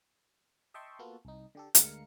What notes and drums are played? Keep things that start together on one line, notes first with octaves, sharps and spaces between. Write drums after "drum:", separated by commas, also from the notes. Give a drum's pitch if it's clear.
D#5 E5 G5 A5 C6 C#6
A#3 B3 F4 F#4 A4
C2 D#4
D3 G4 A4
D2 D3 G#3 A#4 F5 C#7, drum: hi-hat